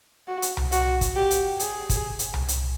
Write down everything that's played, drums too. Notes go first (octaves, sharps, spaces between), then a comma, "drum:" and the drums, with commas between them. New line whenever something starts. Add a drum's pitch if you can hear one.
F#4
drum: hi-hat
drum: tom C2
F#4, drum: hi-hat
drum: kick, hi-hat
G4
drum: hi-hat
G#4, drum: hi-hat
drum: kick, hi-hat
drum: hi-hat
drum: tom C2
drum: hi-hat